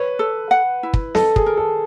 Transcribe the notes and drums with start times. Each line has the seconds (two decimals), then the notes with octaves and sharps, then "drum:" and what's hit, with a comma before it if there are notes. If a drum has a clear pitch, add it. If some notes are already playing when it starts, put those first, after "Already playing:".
Already playing: B4 C#5
0.19 A4
0.51 F#5
0.83 E4
0.94 drum: kick
1.15 A4 D#5, drum: snare
1.36 G#4, drum: kick
1.46 A#4
1.57 A4